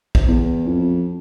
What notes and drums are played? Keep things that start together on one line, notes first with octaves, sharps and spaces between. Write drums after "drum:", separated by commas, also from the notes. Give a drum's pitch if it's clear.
drum: kick
E2
F2